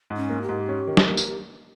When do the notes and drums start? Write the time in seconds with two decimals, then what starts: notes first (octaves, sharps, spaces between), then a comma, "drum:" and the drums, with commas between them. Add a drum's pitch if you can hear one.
0.10 G#2
0.17 C#4
0.29 A#3
0.42 G4
0.49 G#2
0.69 C#4
0.87 D#3
0.97 drum: snare
1.07 A#3
1.17 drum: tambourine